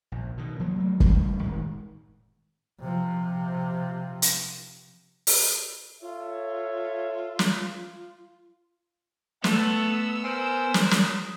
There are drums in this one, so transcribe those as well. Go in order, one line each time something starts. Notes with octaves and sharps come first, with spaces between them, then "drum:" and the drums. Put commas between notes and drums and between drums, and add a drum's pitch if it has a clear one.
A#1
B2 D#3
F3 F#3 A#3
F#3 A3 A#3
A1 G3, drum: kick
A2 D#3 G#3
C3 F3
drum: hi-hat
drum: open hi-hat
F4 A4 C#5 E5
drum: snare
A3 B3 A4 E6, drum: snare
A#4 C5 G#5
drum: snare
D#6, drum: snare